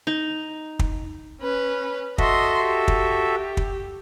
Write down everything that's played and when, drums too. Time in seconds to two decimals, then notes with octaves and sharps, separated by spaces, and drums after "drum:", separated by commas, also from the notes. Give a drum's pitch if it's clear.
0.07 D#4
0.79 drum: kick
1.41 C#4 B4
2.18 F#4 A4 D#5 E5 C6, drum: kick
2.63 G4
2.88 drum: kick
3.57 drum: kick